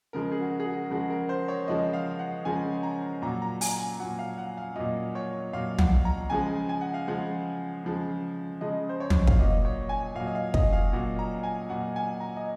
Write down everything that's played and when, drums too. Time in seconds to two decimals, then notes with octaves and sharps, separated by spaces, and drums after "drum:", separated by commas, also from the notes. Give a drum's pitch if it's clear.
0.13 C#3 F3 G#3 A#4
0.32 G#4
0.39 F#4
0.60 G#4
0.65 F#4
0.90 C#3 F3 G#3 F#4
1.10 A#4
1.29 C5
1.48 C#5
1.68 C#3 F3 G#3 D#5
1.93 F5
2.19 F#5
2.45 C#3 F3 G#3 G#5
2.83 A#5
3.22 A#2 F#3 A#5
3.42 A#5
3.61 G#5, drum: open hi-hat
3.70 A#5
3.79 G#5
3.99 A#2 F#3 F#5
4.19 F5
4.38 F#5
4.57 F5
4.76 A#2 F#3 D#5
5.15 C#5
5.53 A#2 F#3 F5
5.78 F#5, drum: tom
6.05 A#5
6.30 C#3 F3 G#3 G#5
6.69 G#5
6.81 F#5
6.94 F5
7.07 C#3 F3 G#3 F#5
7.84 C#3 F3 G#3
8.61 C#3 F3 G#3 D#5
8.89 C5
9.00 C#5
9.10 drum: tom
9.27 F5, drum: kick
9.39 A#2 F#3 D#5
9.65 C#5
9.89 G#5
10.15 A#2 F#3 F5
10.27 D#5
10.35 F5
10.54 D#5, drum: kick
10.73 F5
10.93 A#2 F#3 F#5
11.19 A#5
11.43 G#5
11.69 A#2 F#3 F#5
11.96 G#5
12.20 A#5
12.37 D#5